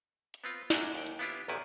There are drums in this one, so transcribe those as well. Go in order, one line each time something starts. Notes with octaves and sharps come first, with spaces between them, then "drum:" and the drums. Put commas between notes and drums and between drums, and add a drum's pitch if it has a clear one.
drum: hi-hat
B3 C4 F4
F#2 A3 C#4 D4 F#4, drum: snare
D#2 G5
drum: hi-hat
B3 D4 E4 F4 G4
A1 E2 A#2 D#3 E4 B4